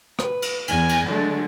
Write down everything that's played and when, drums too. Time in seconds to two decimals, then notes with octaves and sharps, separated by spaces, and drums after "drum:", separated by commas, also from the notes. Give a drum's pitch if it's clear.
0.19 B4, drum: rim click
0.42 drum: cymbal
0.68 E2 G#5, drum: cymbal
0.89 drum: cymbal
1.07 D3 F#3 G#3 A3